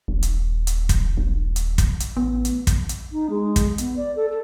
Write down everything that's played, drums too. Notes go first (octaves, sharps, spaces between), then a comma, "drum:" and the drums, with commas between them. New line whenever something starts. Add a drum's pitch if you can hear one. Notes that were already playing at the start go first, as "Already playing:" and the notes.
D#1 A#1
drum: hi-hat
drum: hi-hat
drum: kick, hi-hat
A#1
drum: hi-hat
drum: kick, hi-hat
drum: hi-hat
A1 B3
drum: hi-hat
drum: kick, hi-hat
drum: hi-hat
D#4
G#3
drum: kick, hi-hat
B3, drum: hi-hat
D5
A4
A4